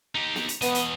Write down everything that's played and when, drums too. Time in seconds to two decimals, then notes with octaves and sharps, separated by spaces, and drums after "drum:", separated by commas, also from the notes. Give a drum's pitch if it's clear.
0.15 D#4 G4
0.36 drum: snare
0.49 drum: hi-hat
0.62 E2 B3 D#5, drum: hi-hat
0.75 drum: hi-hat